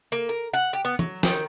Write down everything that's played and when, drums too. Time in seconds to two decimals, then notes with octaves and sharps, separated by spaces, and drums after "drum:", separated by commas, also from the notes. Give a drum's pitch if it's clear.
0.12 A#3
0.29 A#4
0.53 F#5
0.73 G4
0.85 B3
0.99 F#3, drum: tom
1.23 D#3, drum: snare